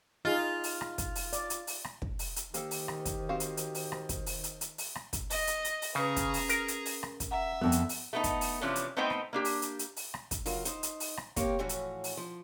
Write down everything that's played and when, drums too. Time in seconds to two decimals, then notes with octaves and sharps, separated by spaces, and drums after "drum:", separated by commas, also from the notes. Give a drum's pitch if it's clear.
0.25 D#4 F4 G#4
0.64 drum: open hi-hat
0.81 drum: rim click
0.98 drum: kick, hi-hat
1.15 drum: open hi-hat
1.33 D5, drum: hi-hat
1.50 drum: hi-hat
1.67 drum: open hi-hat
1.84 drum: rim click
2.02 drum: kick
2.19 drum: open hi-hat
2.36 drum: hi-hat
2.54 D#3 A#3 G4 A4 C5, drum: hi-hat
2.71 drum: open hi-hat
2.88 drum: rim click
3.05 drum: kick, hi-hat
3.29 C4 F#4 F5
3.40 drum: hi-hat
3.57 drum: hi-hat
3.75 drum: open hi-hat
3.92 drum: rim click
4.09 drum: kick, hi-hat
4.26 drum: open hi-hat
4.44 drum: hi-hat
4.61 drum: hi-hat
4.78 drum: open hi-hat
4.95 drum: rim click
5.13 drum: kick, hi-hat
5.30 D#5, drum: open hi-hat
5.47 drum: hi-hat
5.65 drum: hi-hat
5.82 drum: open hi-hat
5.95 C#3 C#4 G#4 B4 A#5
6.16 drum: kick, hi-hat
6.34 drum: open hi-hat
6.49 A#4, drum: hi-hat
6.68 drum: hi-hat
6.85 drum: open hi-hat
7.03 drum: rim click
7.20 drum: kick, hi-hat
7.31 E5 F#5 A#5
7.61 F2 B3 E6
7.72 drum: hi-hat
7.89 drum: open hi-hat
8.13 A3 B3 D#4
8.24 drum: kick, hi-hat
8.41 drum: open hi-hat
8.61 C3 E3 F3 C#4 D4
8.76 drum: hi-hat
8.97 A3 B3 C4 D#4 C5 G5
9.10 drum: rim click
9.33 A#3 D4 G4
9.45 drum: open hi-hat
9.62 drum: hi-hat
9.79 drum: hi-hat
9.96 drum: open hi-hat
10.14 drum: rim click
10.31 drum: kick, hi-hat
10.46 C#3 F#3 F4 A#4, drum: open hi-hat
10.65 D#4 C5, drum: hi-hat
10.83 drum: hi-hat
11.00 drum: open hi-hat
11.17 drum: rim click
11.36 A#3 C4 G4 A#4 C#5, drum: kick, hi-hat
11.59 A2 E3 F3 C#4 F#4
11.69 drum: hi-hat
12.04 drum: open hi-hat
12.17 F3